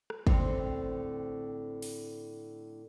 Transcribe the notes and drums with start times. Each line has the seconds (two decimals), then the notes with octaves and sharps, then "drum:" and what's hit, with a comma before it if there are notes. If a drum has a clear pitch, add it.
0.10 drum: rim click
0.27 A2 D3 C4, drum: kick
1.82 drum: open hi-hat